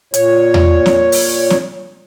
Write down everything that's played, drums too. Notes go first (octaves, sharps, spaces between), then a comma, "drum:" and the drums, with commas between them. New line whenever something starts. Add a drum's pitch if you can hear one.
A#2 C#5, drum: hi-hat
drum: tom E2
drum: snare
drum: open hi-hat
drum: snare